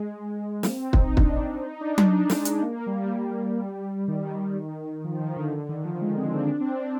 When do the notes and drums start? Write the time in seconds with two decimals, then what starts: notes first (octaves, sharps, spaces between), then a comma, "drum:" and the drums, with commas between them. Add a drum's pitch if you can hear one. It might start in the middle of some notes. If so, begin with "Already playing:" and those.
Already playing: G#3
0.63 A#3, drum: snare
0.68 C4
0.93 D#4, drum: kick
1.17 D4, drum: kick
1.65 D#4
1.81 D4
1.98 D#4, drum: tom F#3
2.14 D4
2.30 G#3, drum: snare
2.45 G#3, drum: hi-hat
2.62 A#3
2.87 G3
4.08 D#3
5.04 F3
5.20 D#3
5.36 D3
5.52 D3
5.69 D#3
5.85 F3
6.01 G#3
6.17 C4
6.33 D4
6.50 D4
6.61 C4
6.66 D4
6.82 D4